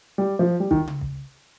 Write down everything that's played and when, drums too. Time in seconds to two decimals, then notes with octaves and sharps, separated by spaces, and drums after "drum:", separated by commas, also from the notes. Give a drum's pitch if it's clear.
0.18 G3
0.39 F3
0.60 G3
0.71 D#3, drum: kick
0.87 drum: tom C#3
1.01 drum: kick